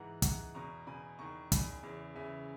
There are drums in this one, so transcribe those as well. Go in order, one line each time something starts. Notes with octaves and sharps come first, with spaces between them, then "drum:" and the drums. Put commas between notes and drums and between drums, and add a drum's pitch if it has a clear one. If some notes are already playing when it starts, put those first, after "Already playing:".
Already playing: G#2 E3 F#5 A#5
G#2 E3 F#5 A#5, drum: kick, hi-hat
E2 B2 A#5 C#6
E2 B2 G#5 B5
E2 D#3 A#5 C#6
E2 D#3 G#5 B5, drum: kick, hi-hat
E2 C#3 E3
E2 C#3 E3 E5 G#5